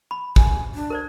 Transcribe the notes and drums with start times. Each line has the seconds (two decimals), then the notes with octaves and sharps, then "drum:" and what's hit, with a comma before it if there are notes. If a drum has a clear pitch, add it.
0.11 B5
0.36 G#5, drum: kick
0.75 D4
0.90 A#4 C5 D5